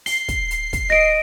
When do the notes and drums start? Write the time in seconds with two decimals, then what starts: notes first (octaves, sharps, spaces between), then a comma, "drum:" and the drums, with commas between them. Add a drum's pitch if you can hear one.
0.06 C7 G7, drum: open hi-hat
0.28 drum: kick, hi-hat
0.51 drum: hi-hat
0.73 drum: kick, hi-hat
0.90 D#5 A#6 D7